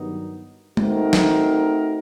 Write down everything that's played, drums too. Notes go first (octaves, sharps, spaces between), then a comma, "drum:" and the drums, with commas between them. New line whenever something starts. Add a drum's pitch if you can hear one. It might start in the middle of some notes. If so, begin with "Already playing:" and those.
Already playing: G2 D#3 F#3 B3 D#4
A3 C4 D#4 F#4 A#4, drum: tom G#3
drum: snare